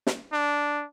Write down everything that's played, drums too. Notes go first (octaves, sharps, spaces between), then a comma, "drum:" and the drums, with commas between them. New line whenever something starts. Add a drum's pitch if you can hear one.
drum: snare
D4